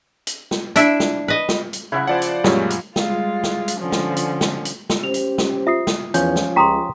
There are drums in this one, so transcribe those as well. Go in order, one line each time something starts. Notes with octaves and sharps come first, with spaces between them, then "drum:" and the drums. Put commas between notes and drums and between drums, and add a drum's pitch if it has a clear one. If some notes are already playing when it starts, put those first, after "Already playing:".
drum: hi-hat
drum: snare
D4 E4 E5, drum: hi-hat
drum: snare
B4 D#5
drum: snare
drum: hi-hat
C#3 E4 E5 F#5
F3 C5 D5 F#5
drum: hi-hat
F#2 A#2 G3 G#3 C#4, drum: snare
drum: hi-hat
G3 G#3 F4, drum: snare
drum: snare
drum: hi-hat
D3 F3 C#4
drum: snare
drum: hi-hat
drum: snare
drum: hi-hat
drum: snare
C#4 G4 C5 F7
drum: hi-hat
drum: snare
F4 E5 D#6 C7
drum: snare
E2 F3 C#4 G6, drum: hi-hat
drum: snare
C#2 G4 G5 A#5 C6 D#6 B6